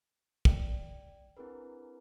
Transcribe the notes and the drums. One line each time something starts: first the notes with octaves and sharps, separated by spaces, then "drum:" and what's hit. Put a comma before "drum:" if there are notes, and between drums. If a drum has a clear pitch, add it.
D5 G5, drum: kick
C4 D4 E4 G#4 A#4 B4